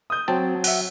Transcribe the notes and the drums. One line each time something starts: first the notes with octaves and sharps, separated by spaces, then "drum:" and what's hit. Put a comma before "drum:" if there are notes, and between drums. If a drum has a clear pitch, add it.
D#6 G6
F#3 C4 G5 A5
E5 F#5, drum: open hi-hat